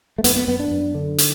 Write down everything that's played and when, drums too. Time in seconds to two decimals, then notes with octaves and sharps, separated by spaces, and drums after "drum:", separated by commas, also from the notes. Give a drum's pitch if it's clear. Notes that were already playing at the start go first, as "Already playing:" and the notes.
0.18 A3
0.24 F#2 B3, drum: hi-hat
0.36 B3
0.48 F#2 B3
0.60 D4
0.71 F#2
0.94 D3
1.18 drum: hi-hat